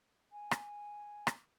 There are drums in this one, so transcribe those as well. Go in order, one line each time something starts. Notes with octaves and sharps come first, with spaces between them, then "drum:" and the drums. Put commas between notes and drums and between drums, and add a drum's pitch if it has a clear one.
G#5
drum: rim click
drum: rim click